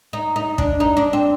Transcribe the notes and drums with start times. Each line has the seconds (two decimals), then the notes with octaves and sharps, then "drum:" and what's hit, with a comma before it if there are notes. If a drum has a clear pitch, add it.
0.13 D#4
0.36 D#4
0.58 D4, drum: kick
0.80 D#4
0.97 D4
1.13 C4